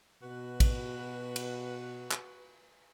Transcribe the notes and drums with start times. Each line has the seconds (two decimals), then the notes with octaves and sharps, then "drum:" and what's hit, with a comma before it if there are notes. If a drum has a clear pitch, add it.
0.22 B2 F#4 B4
0.60 drum: kick, cymbal
1.36 drum: cymbal
2.11 drum: clap